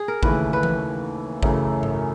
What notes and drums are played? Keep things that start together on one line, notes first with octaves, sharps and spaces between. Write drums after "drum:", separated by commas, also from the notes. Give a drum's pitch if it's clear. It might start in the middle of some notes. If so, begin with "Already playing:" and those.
Already playing: G#4
A#4
D#2 C#3 E3 A3 B4, drum: kick G#1
B4
drum: tom E3
F#2 C#3 E3 A3 C#4, drum: kick G#1
drum: tom G#2